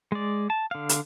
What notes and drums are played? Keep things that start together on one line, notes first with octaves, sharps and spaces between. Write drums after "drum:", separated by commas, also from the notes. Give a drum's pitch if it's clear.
G#3 D5
A5
D3 F5
drum: hi-hat